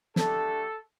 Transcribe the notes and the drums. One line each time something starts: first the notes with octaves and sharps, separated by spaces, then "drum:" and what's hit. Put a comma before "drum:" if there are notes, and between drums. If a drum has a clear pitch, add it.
A3 D4 G4 A4, drum: snare